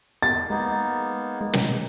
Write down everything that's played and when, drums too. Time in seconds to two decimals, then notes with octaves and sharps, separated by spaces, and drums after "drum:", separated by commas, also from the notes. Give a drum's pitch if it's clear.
0.23 A6
0.50 G#3 A#3 B3 D#4
1.41 G#3
1.53 drum: snare